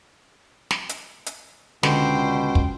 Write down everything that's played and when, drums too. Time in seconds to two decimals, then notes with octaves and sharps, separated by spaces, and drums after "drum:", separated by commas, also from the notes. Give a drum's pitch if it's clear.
0.71 drum: snare
0.89 drum: hi-hat
1.26 drum: hi-hat
1.83 C#2 B2 D3 C5 G5, drum: snare
2.55 drum: kick